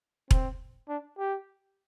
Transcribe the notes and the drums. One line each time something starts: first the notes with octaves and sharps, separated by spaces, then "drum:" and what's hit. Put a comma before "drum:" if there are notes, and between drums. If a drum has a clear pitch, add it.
C4, drum: kick E1
D4
G4